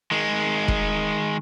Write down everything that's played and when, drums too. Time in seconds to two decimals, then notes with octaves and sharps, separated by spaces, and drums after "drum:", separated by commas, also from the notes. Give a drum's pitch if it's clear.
0.11 D#3 G#3
0.68 drum: kick